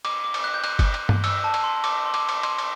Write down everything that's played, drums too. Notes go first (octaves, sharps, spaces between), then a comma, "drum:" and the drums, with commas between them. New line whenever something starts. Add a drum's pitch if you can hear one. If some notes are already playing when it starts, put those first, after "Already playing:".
D6, drum: cymbal
D6
drum: cymbal
F#6
G6
F#6, drum: cymbal
drum: kick, cymbal
drum: cymbal
drum: tom G2
E6, drum: cymbal
A5
drum: cymbal
C6
D6, drum: cymbal
C6
D6, drum: cymbal
drum: cymbal
C6, drum: cymbal
drum: cymbal